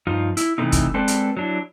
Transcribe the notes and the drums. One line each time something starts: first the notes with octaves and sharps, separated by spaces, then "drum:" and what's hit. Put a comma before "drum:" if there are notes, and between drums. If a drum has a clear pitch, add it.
G2 F3 D#4 F4
E4, drum: hi-hat
C3 E3 G#3 A3 C4 D#4
drum: kick, hi-hat
G#3 C4 A4 B4 D5
drum: hi-hat
F#3 D4 E4